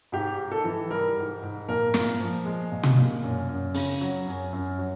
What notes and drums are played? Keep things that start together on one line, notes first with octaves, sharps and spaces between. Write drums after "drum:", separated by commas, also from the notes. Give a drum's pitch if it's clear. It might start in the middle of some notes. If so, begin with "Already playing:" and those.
G#2 G4
G#2
A4
E3
G3 A#4
G#2
G#2
A#2 A#4
A#2, drum: snare
F3
G#3
A#2
drum: tom
A#2
F#2
F#2
C#3, drum: open hi-hat
F#3
F#2
F#2
F#3